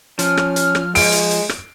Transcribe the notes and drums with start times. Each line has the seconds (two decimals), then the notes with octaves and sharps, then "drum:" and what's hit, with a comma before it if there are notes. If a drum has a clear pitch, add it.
0.19 F3 C#4 F6, drum: hi-hat
0.37 drum: rim click
0.56 drum: hi-hat
0.75 drum: rim click
0.95 G#3 D7, drum: open hi-hat
1.12 drum: hi-hat
1.31 drum: hi-hat
1.49 drum: rim click